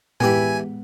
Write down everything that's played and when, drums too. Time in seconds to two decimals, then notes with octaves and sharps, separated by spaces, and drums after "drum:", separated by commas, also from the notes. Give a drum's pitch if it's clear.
0.20 E3 G#3 B3 G4 G#5 B5, drum: tom A2